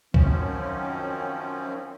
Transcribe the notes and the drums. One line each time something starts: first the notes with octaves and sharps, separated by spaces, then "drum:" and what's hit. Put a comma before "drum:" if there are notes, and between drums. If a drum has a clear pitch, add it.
F#2 D#3 F3 C4 C#4, drum: kick